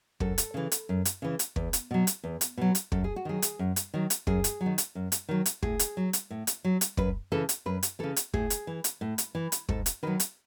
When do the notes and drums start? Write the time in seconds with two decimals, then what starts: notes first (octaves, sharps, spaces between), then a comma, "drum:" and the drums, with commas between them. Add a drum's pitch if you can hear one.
0.20 F#2 A4, drum: kick
0.38 drum: hi-hat
0.54 C#3 E3
0.72 drum: hi-hat
0.89 F#2
1.05 drum: hi-hat
1.22 C#3 E3
1.39 drum: hi-hat
1.56 E2, drum: kick
1.73 drum: hi-hat
1.91 B2 F#3
2.07 drum: hi-hat
2.24 E2
2.41 drum: hi-hat
2.57 B2 F#3
2.75 drum: hi-hat
2.92 F#2 A4, drum: kick
3.04 G#4
3.16 F#4
3.25 D#3 F#3 G#4
3.42 drum: hi-hat
3.59 F#2
3.76 drum: hi-hat
3.94 D#3 F#3
4.10 drum: hi-hat
4.27 F#2 G#4, drum: kick
4.44 drum: hi-hat
4.61 F#3
4.66 D#3
4.78 drum: hi-hat
4.95 F#2
5.12 drum: hi-hat
5.29 D#3 F#3
5.46 drum: hi-hat
5.63 A2 G#4, drum: kick
5.79 drum: hi-hat
5.97 F#3
6.13 drum: hi-hat
6.31 A2
6.47 drum: hi-hat
6.64 F#3
6.81 drum: hi-hat
6.97 F#2 B4, drum: kick
7.32 C#3 E3 A4
7.49 drum: hi-hat
7.66 F#2 B4
7.83 drum: hi-hat
7.99 C#3 E3 A4
8.16 drum: hi-hat
8.34 A2 G#4, drum: kick
8.50 drum: hi-hat
8.67 E3
8.84 drum: hi-hat
9.01 A2
9.18 drum: hi-hat
9.35 E3
9.52 drum: hi-hat
9.69 G#2 A4, drum: kick
9.86 drum: hi-hat
10.03 D#3 F#3 B4
10.20 drum: hi-hat